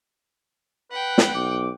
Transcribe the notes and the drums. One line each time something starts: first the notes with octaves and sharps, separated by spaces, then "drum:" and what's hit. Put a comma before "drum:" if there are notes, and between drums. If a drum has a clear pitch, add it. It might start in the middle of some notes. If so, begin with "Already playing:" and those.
B4 F#5 G5
drum: snare
B1 D6